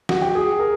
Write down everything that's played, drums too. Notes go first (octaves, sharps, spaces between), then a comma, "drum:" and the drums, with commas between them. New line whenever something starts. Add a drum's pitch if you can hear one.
F#4, drum: snare
G4
G#4
A#4